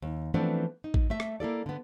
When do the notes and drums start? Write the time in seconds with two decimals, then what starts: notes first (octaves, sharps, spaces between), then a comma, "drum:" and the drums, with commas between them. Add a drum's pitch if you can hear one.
0.02 D#2
0.34 E3 F3 A3 B3 C4 D4
0.84 D#4
0.94 drum: kick A1
1.10 A3 E5
1.20 drum: rim click
1.40 A#3 E4 A4 D5
1.66 D3 B3